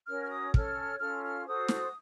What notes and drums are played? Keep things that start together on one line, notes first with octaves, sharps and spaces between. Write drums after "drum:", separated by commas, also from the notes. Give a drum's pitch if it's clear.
C#4 F#4 A#4 C#5 F6
F6
D#6
C#4 A4 C#5 F6, drum: kick
C#4 F4 A4 F6
F6
F#4 A4 C5 D#6
drum: snare